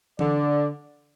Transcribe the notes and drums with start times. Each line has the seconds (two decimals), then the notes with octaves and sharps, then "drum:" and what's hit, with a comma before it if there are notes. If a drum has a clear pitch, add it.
0.19 D3 D5, drum: tom E3